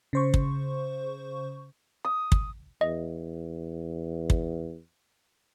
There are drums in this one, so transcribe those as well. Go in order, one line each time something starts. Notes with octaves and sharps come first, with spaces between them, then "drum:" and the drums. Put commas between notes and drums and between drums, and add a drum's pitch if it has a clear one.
C#3 C5 C#6
drum: kick
D#6
drum: kick
E2 D#5
drum: kick